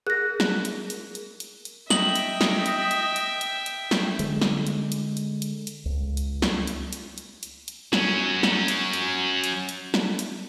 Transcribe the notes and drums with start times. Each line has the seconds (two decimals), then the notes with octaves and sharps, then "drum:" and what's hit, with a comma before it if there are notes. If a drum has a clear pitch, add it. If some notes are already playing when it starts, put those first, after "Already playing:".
0.07 G#4 A#4 F#6 A#6
0.40 drum: snare
0.65 drum: hi-hat
0.90 drum: hi-hat
1.15 drum: hi-hat
1.40 drum: hi-hat
1.65 drum: hi-hat
1.90 D#5 E5 G5 F#7, drum: snare
2.16 drum: hi-hat
2.41 drum: snare
2.66 drum: hi-hat
2.91 drum: hi-hat
3.16 drum: hi-hat
3.41 drum: hi-hat
3.66 drum: hi-hat
3.91 drum: snare
4.19 D3 G#3, drum: hi-hat
4.41 drum: snare
4.67 drum: hi-hat
4.92 drum: hi-hat
5.17 drum: hi-hat
5.42 drum: hi-hat
5.67 drum: hi-hat
5.85 C#2
6.17 drum: hi-hat
6.42 drum: snare
6.67 drum: hi-hat
6.93 drum: hi-hat
7.18 drum: hi-hat
7.43 drum: hi-hat
7.68 drum: hi-hat
7.93 F#3 C#4, drum: snare
8.43 drum: snare
8.68 drum: hi-hat
8.93 drum: hi-hat
9.44 drum: hi-hat
9.69 drum: hi-hat
9.94 drum: snare
10.19 drum: hi-hat